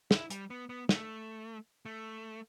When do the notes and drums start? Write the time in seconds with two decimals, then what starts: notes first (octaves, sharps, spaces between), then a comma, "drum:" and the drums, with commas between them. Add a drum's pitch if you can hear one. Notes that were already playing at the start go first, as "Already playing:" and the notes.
0.11 E4, drum: snare
0.30 G3, drum: hi-hat
0.50 B3
0.69 B3
0.89 A3, drum: snare
1.86 A3